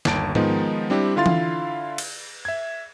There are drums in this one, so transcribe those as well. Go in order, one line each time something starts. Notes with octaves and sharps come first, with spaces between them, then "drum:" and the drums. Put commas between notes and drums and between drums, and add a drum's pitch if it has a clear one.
G1 D#2 A5 D7, drum: snare
D#3 F3 G#3 B3 D#4, drum: tom G#2
G3 C4 D4 E4 G4
D3 E4 F4 F5 C6 A6
drum: tom E3
drum: cymbal
E5 G#6